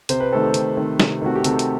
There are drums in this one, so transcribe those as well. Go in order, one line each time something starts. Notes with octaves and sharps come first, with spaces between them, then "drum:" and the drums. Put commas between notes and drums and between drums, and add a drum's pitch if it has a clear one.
C3 C5, drum: hi-hat
B4
D#3 A3 C4 A4
G4
C3, drum: hi-hat
D#3 A3 C4
C3, drum: snare
D#3 A3 C4 F#4
G4
C3 A4, drum: hi-hat
drum: hi-hat